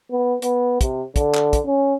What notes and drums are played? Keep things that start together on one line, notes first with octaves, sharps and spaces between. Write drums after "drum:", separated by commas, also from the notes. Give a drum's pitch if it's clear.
B3
B3, drum: hi-hat
C3, drum: kick, hi-hat
D3, drum: kick, hi-hat
drum: clap
drum: kick, hi-hat
C#4